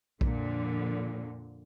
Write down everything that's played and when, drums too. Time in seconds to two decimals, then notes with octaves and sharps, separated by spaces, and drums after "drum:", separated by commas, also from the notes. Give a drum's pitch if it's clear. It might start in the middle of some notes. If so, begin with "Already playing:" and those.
0.21 F2 A#2 D3, drum: kick A#1